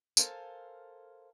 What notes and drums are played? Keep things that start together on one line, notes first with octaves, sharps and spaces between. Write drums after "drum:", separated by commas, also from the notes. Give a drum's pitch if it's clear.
A4 A#4 C5 F5 G#5 A5, drum: tambourine